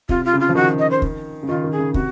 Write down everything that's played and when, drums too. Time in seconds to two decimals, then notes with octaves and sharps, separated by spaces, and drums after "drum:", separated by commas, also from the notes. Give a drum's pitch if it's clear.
0.09 C3 F4, drum: kick
0.25 F4
0.33 C#3
0.40 F4
0.49 F3
0.55 D#3 F#4
0.79 D#5
0.90 C5
1.02 drum: kick
1.43 C#3
1.48 D#3 F4
1.64 D#3
1.71 G#4
1.79 C#3
1.94 C3 F#4, drum: kick